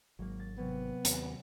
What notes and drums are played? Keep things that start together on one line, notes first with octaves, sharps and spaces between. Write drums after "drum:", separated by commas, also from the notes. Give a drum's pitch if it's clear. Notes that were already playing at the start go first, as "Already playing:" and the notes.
G#1 F#3 A#3
A6
C3 F#3 A#3 B3
D#2 F#5, drum: hi-hat